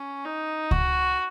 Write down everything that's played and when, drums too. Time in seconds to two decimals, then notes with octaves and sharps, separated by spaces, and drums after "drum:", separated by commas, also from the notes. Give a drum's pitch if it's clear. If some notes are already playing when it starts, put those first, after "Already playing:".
Already playing: C#4
0.25 D#4
0.71 F#4, drum: kick C#2